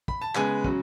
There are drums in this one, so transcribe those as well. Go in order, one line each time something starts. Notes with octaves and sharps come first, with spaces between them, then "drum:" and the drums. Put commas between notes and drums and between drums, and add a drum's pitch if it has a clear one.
B5, drum: kick
A5
C#3 G#3 B3 G#5, drum: clap
C#3 F#3, drum: kick